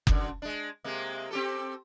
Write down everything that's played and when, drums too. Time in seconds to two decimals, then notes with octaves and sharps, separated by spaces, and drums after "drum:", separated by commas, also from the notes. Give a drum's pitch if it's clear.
0.07 F#2 D3, drum: kick F#1
0.42 G#3 D4
0.84 C3 G#3 A#3
1.31 C4 G4 A4